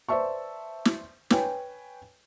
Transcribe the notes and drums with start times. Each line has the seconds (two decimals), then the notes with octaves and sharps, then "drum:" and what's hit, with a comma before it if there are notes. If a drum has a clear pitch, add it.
0.09 B4 C5 D5 E5 A5 C#6
0.85 drum: snare
1.30 B4 C#5 G5 G#5, drum: snare